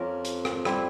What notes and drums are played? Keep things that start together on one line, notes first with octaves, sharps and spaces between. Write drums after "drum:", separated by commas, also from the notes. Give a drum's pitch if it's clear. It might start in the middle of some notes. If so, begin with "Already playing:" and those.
Already playing: F2 A#3 C#4 F4 A#4
drum: hi-hat
drum: rim click
G3 C4 E4, drum: rim click